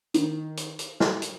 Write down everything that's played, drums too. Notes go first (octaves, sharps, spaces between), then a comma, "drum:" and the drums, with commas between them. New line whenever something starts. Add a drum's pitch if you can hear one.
D#3, drum: hi-hat
drum: hi-hat
drum: hi-hat
drum: snare
drum: hi-hat